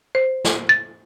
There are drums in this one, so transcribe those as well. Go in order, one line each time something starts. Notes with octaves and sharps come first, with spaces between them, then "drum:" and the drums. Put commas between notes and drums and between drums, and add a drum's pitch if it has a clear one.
C5
drum: snare
A6